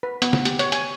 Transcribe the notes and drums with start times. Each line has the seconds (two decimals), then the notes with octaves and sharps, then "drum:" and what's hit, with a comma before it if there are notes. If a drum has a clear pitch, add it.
0.03 B4
0.22 B3, drum: hi-hat
0.33 drum: snare
0.45 G4, drum: hi-hat
0.59 C#5, drum: hi-hat
0.72 G#5, drum: hi-hat